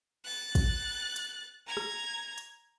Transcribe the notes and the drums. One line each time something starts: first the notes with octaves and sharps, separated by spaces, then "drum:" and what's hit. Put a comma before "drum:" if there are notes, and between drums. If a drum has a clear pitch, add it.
F#6 A6
drum: kick, hi-hat
drum: hi-hat
A#5 G#6
drum: rim click
drum: hi-hat